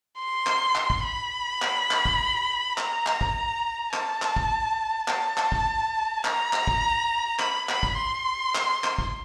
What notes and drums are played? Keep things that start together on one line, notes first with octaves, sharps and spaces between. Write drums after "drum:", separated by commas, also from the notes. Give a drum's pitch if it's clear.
C6
drum: clap
drum: clap
drum: kick
B5
drum: clap
drum: clap
drum: kick
A#5, drum: clap
drum: clap
drum: kick
A5, drum: clap
drum: clap
drum: kick
A5, drum: clap
drum: clap
drum: kick
A#5, drum: clap
drum: clap
drum: kick
B5, drum: clap
B5, drum: clap
drum: kick
C6
drum: clap
drum: clap
drum: kick